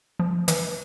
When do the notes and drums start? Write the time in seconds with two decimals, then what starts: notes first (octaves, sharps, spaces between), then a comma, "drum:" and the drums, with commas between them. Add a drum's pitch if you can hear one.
0.19 F3
0.48 E3, drum: hi-hat